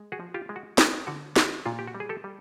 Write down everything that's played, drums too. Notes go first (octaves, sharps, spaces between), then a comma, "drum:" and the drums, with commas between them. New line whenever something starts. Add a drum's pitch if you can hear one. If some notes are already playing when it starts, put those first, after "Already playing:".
Already playing: G#3
F#4 G#4
F3
F4 G4
G#3
F#4
B3 F4, drum: snare
D3 F#4
B3 F#4, drum: snare
A#2 F4
G4
F#4
G3
G#4
G4 A4
G3